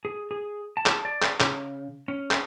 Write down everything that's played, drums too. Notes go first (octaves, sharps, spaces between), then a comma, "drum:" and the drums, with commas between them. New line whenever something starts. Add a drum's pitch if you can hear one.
G#4
G#4
A5
drum: clap
D5
drum: clap
C#3, drum: clap
C#4
drum: clap